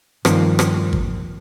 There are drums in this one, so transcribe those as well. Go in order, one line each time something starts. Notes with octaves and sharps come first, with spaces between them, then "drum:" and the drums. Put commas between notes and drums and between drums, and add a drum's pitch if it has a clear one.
G2 D#3 F3 A#3 C4, drum: rim click
drum: rim click
drum: kick